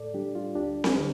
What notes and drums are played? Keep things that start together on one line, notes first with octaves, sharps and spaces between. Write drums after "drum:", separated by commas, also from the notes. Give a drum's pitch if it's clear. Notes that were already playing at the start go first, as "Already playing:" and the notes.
Already playing: A2 A4 D5
G3 D4 G4
F4
D2 D4 G4
drum: snare C4
D3